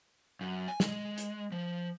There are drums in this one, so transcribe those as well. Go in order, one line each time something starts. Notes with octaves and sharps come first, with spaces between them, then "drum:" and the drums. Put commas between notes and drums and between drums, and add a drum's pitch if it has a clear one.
F#2
G#5
G#3, drum: snare
drum: hi-hat
F3